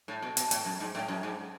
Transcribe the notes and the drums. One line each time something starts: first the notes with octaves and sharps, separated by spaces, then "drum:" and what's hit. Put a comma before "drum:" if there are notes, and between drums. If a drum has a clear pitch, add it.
A2
B2
B2, drum: hi-hat
A2, drum: hi-hat
F#2
G#2
A2
F#2
G#2